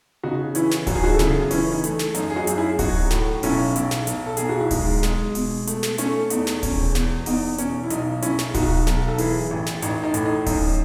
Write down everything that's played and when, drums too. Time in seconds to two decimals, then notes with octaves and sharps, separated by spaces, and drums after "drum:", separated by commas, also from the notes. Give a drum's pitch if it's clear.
0.23 C#3 D#4 F#4
0.55 E3 C#4 E4, drum: hi-hat
0.71 drum: snare
0.87 F#2 F#4, drum: kick D1, open hi-hat
0.95 G#4
1.04 D#4 F#4
1.14 A4
1.19 C#3 E4 G#4, drum: snare
1.51 E3 C#4 E4, drum: open hi-hat
1.72 D#4
1.84 A3, drum: hi-hat
1.99 drum: snare
2.15 F#2 D#4, drum: hi-hat
2.30 G#4
2.36 D#4 F#4
2.47 F#2, drum: hi-hat
2.58 E4 G#4
2.79 F#3 D#4 F#4, drum: kick D1, open hi-hat
3.10 A2, drum: snare
3.43 B1 C#4 E4, drum: open hi-hat
3.76 B1, drum: hi-hat
3.91 drum: snare
4.07 B1, drum: hi-hat
4.26 A4
4.37 B1 G#4, drum: hi-hat
4.49 F#4
4.60 E4
4.71 G#3 D#4, drum: kick D1, open hi-hat
5.03 G#3, drum: snare
5.35 B2, drum: open hi-hat
5.67 A3, drum: hi-hat
5.83 drum: snare
5.98 A3 C#4, drum: hi-hat
6.30 E2 D#4, drum: hi-hat
6.47 drum: snare
6.63 E1 C#4, drum: kick D1, open hi-hat
6.95 E2, drum: snare
7.26 E2 D#4, drum: open hi-hat
7.58 B2 C#4, drum: hi-hat
7.84 E4
7.90 B1 D#4, drum: hi-hat
8.22 B1 C#4 E4, drum: hi-hat
8.39 drum: snare
8.54 B1 D#4 F#4, drum: kick D1, open hi-hat
8.87 B1, drum: snare
9.08 A4
9.18 E3 E4 G#4, drum: open hi-hat
9.51 A1
9.66 drum: snare
9.82 A1 D#4, drum: hi-hat
10.03 D#4
10.14 A2, drum: hi-hat
10.26 D#4
10.46 F#2 D#4, drum: kick D1, open hi-hat